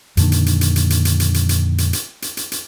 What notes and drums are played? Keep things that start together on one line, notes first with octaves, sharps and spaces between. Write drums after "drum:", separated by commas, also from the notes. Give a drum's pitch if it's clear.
F2 A#2 D3 D#3, drum: hi-hat
drum: hi-hat
drum: hi-hat
drum: hi-hat
drum: hi-hat
drum: hi-hat
drum: hi-hat
drum: hi-hat
drum: hi-hat
drum: hi-hat
drum: hi-hat
drum: hi-hat
drum: hi-hat
drum: hi-hat
drum: hi-hat